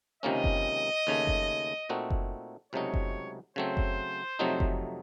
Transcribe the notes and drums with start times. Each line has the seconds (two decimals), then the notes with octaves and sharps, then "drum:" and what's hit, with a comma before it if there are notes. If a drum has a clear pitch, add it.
0.23 C#2 C3 D#3 A#3 C#4 D#5
0.44 drum: kick F#1
1.07 D#2 C#3 A3
1.27 drum: kick F#1
1.89 A#2 A3 C4 D#4 F#4
2.10 drum: kick F#1
2.72 C#2 C3 F#3 A3 D#4 C#5
2.94 drum: kick F#1
3.56 C#3 F#3 A3 C4 C5
3.77 drum: kick F#1
4.39 F2 C3 F#3 A3 D#4
4.60 drum: kick F#1